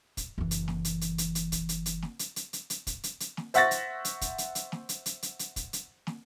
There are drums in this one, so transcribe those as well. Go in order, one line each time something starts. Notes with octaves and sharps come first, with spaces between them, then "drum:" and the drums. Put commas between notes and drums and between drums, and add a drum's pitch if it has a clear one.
drum: kick, hi-hat
F#1 E3
drum: hi-hat
drum: snare
drum: hi-hat
drum: hi-hat
drum: hi-hat
drum: hi-hat
drum: kick, hi-hat
drum: hi-hat
drum: hi-hat
drum: snare
drum: hi-hat
drum: hi-hat
drum: hi-hat
drum: hi-hat
drum: kick, hi-hat
drum: hi-hat
drum: hi-hat
drum: snare
C5 E5 F#5 C#6 A6 A#6, drum: hi-hat
drum: hi-hat
drum: hi-hat
drum: kick, hi-hat
drum: hi-hat
drum: hi-hat
drum: snare
drum: hi-hat
drum: hi-hat
drum: hi-hat
drum: hi-hat
drum: kick, hi-hat
drum: hi-hat
drum: snare